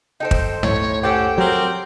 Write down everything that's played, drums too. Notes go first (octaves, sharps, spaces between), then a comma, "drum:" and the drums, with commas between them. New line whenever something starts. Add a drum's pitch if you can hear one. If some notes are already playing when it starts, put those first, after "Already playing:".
D#4 A4 C5 G5
drum: kick
A2 C#5, drum: tom
C#4 G4 A4 C5 F#5 G5
F#3 C4 G4 A#4